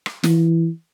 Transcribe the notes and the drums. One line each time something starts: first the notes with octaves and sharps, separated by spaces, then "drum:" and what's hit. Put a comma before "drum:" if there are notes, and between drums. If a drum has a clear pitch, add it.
drum: rim click
E3, drum: snare